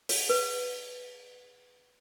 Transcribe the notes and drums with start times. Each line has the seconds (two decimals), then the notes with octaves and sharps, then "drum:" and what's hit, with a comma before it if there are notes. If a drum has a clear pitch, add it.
0.09 C#5, drum: open hi-hat
0.29 B4